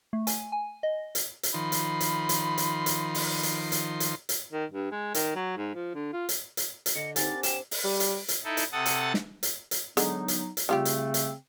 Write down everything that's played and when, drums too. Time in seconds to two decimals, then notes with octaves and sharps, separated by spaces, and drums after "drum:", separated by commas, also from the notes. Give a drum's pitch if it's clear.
0.13 A3
0.27 G#5, drum: hi-hat
0.52 G#5
0.83 D#5
1.15 drum: hi-hat
1.43 drum: hi-hat
1.54 D#3 F3 B5 C6
1.72 drum: hi-hat
2.00 drum: hi-hat
2.29 drum: hi-hat
2.58 drum: hi-hat
2.86 drum: hi-hat
3.15 drum: open hi-hat
3.43 drum: hi-hat
3.72 drum: hi-hat
4.00 drum: hi-hat
4.29 drum: hi-hat
4.53 D#3
4.72 G2
4.92 G#3
5.14 D#3, drum: hi-hat
5.36 F#3
5.57 G#2
5.75 F3
5.95 D3
6.13 F4
6.29 drum: hi-hat
6.57 drum: hi-hat
6.86 drum: hi-hat
6.95 D3 D#5 C#7
7.16 C4 D4 D#4 G4 A#4 F#5 G#5 A6, drum: hi-hat
7.43 G5 E7, drum: hi-hat
7.71 drum: open hi-hat
7.84 G3
8.00 drum: hi-hat
8.28 drum: hi-hat
8.44 D#4 E4 A4
8.57 drum: hi-hat
8.72 C3 A4 F#5 A5 D#6 A6
8.86 drum: hi-hat
9.14 drum: snare
9.43 drum: hi-hat
9.71 drum: hi-hat
9.97 D3 F#3 G#3 B3 D#4, drum: hi-hat
10.28 drum: hi-hat
10.57 drum: hi-hat
10.69 C#3 G3 A3 C4 F4 G4
10.85 drum: hi-hat
11.14 drum: hi-hat